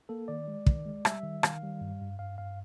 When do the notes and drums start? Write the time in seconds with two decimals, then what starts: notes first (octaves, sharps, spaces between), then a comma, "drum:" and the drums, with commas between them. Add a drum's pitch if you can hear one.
0.09 A#3 A4
0.28 D#3 D5
0.48 G#3
0.66 D#3, drum: kick
0.86 G#3
1.05 G3 E5, drum: rim click
1.23 D#3
1.43 D#3 F5, drum: rim click
1.63 G3
1.81 G2
2.01 G2
2.19 G2 F5
2.38 G2 F5